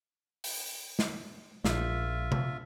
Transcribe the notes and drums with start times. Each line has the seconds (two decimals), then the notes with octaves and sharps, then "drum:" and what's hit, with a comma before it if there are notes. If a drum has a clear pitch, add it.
0.44 drum: open hi-hat
0.99 drum: snare
1.65 A#1 F4 E5, drum: snare
2.32 drum: tom C3